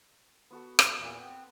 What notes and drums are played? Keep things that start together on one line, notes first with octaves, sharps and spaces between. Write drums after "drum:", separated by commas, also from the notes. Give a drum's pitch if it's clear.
B3 F#4 A4
A4, drum: rim click
E2 A#2 E3
B3 C4